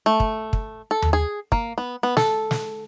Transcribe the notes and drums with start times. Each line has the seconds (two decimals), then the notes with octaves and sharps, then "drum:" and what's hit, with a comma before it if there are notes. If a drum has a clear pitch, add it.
0.06 A3
0.20 drum: kick
0.53 drum: kick
0.91 A4
1.02 drum: tom D#2
1.13 G#4
1.52 A#3, drum: kick
1.78 B3
2.03 B3
2.17 A4, drum: snare
2.51 drum: snare